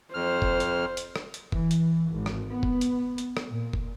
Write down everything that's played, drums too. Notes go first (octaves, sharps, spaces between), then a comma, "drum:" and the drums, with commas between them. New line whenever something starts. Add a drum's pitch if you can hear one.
F2 C5 F6
drum: kick
drum: hi-hat
drum: hi-hat
drum: rim click
drum: hi-hat
E3, drum: kick
drum: hi-hat
G#1
drum: rim click
B3
drum: kick
drum: hi-hat
drum: hi-hat
drum: rim click
A#2
drum: kick